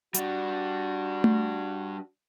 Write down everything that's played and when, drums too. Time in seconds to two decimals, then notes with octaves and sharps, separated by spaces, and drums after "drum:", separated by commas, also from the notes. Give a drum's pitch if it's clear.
0.14 G3 D4 F#4, drum: hi-hat
1.24 drum: tom A3